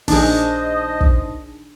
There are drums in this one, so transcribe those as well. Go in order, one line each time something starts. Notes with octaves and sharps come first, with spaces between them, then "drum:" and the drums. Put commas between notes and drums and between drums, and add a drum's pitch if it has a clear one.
A#1 D#3 D4 D#4 G#4 C5 D#5 A5, drum: open hi-hat
drum: kick